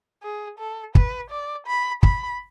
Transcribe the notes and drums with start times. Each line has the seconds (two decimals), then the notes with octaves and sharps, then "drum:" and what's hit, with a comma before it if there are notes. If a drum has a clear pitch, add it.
0.23 G#4
0.59 A4
0.95 B4, drum: kick
1.31 D5
1.67 B5
2.03 B5, drum: kick